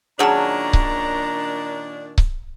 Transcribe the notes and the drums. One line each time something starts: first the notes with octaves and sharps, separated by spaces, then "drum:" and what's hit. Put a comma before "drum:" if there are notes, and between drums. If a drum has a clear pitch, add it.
A#2 D#3 F#3 C#4 D4 G#4 A5 A#5
drum: kick C#1
drum: kick C#1